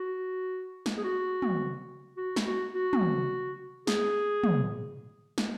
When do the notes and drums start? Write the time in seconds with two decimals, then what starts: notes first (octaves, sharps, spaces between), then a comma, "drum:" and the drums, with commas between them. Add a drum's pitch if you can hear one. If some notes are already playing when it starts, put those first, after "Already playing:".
Already playing: F#4
0.86 drum: snare
0.98 G#4
1.04 F#4
1.42 drum: tom
2.17 F#4
2.36 drum: snare
2.46 F#4
2.75 F#4
2.93 drum: tom
3.87 G#4, drum: snare
4.44 drum: tom
5.38 drum: snare